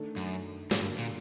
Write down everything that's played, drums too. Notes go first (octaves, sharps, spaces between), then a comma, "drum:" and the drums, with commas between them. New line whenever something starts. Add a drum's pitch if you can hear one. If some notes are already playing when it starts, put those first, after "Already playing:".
Already playing: D#3 A3 D4 A4
F#2
A2, drum: snare
G2 D3 G3 A#3 F#4 A4
A#2